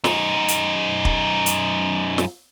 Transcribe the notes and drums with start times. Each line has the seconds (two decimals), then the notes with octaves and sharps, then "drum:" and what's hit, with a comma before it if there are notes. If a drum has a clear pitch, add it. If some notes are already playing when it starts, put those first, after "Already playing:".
0.04 F#2 D#4, drum: snare
0.48 drum: hi-hat
1.05 drum: kick
1.46 drum: hi-hat
2.18 drum: snare